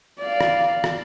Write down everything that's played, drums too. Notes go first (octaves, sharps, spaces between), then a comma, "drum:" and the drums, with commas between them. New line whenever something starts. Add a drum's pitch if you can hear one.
D5 F5
drum: rim click
drum: rim click